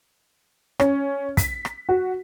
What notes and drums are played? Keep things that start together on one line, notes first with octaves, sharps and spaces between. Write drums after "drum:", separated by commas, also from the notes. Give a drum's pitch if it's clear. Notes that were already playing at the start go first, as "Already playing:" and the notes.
C#4, drum: rim click
B6, drum: kick, hi-hat
drum: rim click
F#4